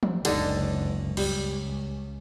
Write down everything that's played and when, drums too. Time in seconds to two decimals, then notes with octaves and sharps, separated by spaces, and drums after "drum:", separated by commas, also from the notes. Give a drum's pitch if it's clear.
0.03 drum: tom E3
0.25 F#1 C#2 D3 D4 D#4, drum: cymbal
1.17 C#2 G3, drum: cymbal